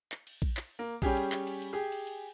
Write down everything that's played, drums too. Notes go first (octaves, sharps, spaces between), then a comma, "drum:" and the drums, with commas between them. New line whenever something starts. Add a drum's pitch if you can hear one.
drum: clap
drum: cymbal
drum: kick A#1
drum: clap
A#3
G3 C#4 G4 G#4, drum: kick A#1, cymbal
drum: cymbal
drum: clap
drum: cymbal
drum: cymbal
G4 G#4
drum: cymbal
drum: cymbal